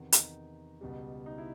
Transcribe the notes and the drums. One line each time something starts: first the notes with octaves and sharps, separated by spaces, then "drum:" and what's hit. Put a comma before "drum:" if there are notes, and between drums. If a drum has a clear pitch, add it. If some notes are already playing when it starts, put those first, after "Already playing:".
Already playing: E2 C3 D#3
D#4, drum: hi-hat
C#2 B2 G3
D#4
E4